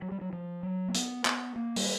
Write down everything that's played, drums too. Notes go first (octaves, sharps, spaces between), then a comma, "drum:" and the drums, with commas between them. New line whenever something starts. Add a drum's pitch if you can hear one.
F#3
G3
F#3
F3
F#3
A#3
B3, drum: hi-hat
B3, drum: clap
A#3
G3, drum: open hi-hat